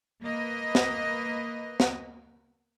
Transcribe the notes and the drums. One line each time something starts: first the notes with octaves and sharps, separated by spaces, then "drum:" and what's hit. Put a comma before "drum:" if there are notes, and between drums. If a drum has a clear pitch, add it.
A#3 B4 D#5
drum: snare
drum: snare